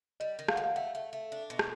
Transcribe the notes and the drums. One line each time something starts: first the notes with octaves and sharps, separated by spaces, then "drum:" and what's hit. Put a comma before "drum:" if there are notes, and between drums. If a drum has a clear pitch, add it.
G3 D#5
D#3
F5, drum: rim click
D#3 F#5
F5
A3 F#5
A3
A3
D4
B2
drum: rim click